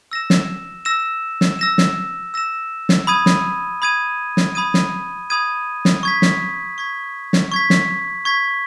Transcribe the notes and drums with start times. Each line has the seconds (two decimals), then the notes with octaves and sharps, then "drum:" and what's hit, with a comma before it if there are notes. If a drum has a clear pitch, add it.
0.11 E6 A#6 E7
0.30 drum: snare
0.85 E6 A#6 E7
1.41 drum: snare
1.59 E6 A#6 E7
1.78 drum: snare
2.34 E6 A#6 E7
2.89 drum: snare
3.07 B5 D#6 G#6 D#7
3.26 drum: snare
3.82 B5 D#6 G#6 D#7
4.37 drum: snare
4.55 B5 D#6 G#6 D#7
4.74 drum: snare
5.30 B5 D#6 G#6 D#7
5.85 drum: snare
6.03 C#6 G#6 B6
6.22 drum: snare
6.78 C#6 G#6 B6
7.33 drum: snare
7.52 C#6 G#6 B6
7.70 drum: snare
8.25 C#6 G#6 B6